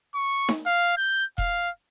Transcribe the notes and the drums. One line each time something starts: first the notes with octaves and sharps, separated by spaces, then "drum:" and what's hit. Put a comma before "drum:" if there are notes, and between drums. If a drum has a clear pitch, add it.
C#6
drum: snare D#4
F5
G6
F5, drum: kick E1